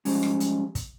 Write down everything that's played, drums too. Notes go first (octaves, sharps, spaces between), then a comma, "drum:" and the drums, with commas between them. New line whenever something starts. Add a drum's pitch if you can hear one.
F3 G3 G#3 C#4, drum: open hi-hat
drum: rim click
drum: hi-hat
drum: kick, hi-hat